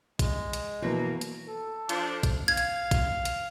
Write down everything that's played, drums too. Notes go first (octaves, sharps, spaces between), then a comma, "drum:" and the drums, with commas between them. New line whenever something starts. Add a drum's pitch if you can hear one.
G#3, drum: kick, hi-hat
drum: hi-hat
B2 E3 F#3 A#3
drum: hi-hat
A4
F3 D4, drum: hi-hat
drum: kick, hi-hat
F5 G#6
drum: hi-hat
drum: kick, hi-hat
drum: hi-hat